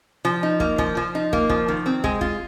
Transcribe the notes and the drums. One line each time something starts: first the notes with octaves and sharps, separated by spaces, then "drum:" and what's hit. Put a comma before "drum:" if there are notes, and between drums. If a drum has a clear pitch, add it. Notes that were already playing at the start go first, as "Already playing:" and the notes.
F3
D#4
A#3, drum: kick
F3, drum: kick
F3
D#4
A#3, drum: kick
F3, drum: kick
D#3
C4
G#3, drum: kick
F4, drum: kick